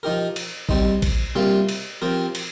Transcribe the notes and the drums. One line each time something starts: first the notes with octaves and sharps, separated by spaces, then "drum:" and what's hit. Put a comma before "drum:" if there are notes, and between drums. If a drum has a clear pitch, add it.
F3 D#4 G4 A#4
drum: cymbal
G3 C4 D#4, drum: kick A1
drum: kick A1, cymbal
C3 G3 A#3 F4
drum: cymbal
F3 C4 G4 A#4
drum: cymbal